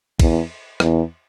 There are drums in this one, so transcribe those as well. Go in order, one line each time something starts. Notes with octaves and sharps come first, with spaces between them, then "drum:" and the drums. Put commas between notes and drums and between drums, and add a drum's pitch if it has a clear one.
E2, drum: kick A#1, cymbal
E2, drum: rim click